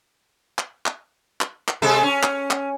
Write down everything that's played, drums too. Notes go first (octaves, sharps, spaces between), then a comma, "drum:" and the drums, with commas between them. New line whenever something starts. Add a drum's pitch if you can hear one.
drum: clap
drum: clap
drum: clap
drum: clap
C3 G#3 A4
C#4
drum: clap
drum: clap